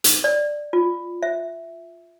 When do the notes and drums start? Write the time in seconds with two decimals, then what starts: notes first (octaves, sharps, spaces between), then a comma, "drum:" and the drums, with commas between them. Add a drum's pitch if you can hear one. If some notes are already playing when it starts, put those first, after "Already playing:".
0.04 drum: hi-hat
0.24 D5
0.73 F4
1.23 E5